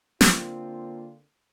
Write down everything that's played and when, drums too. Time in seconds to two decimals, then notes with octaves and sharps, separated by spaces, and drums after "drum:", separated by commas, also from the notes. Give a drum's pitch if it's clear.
0.21 D3 A#3 C4 F4, drum: snare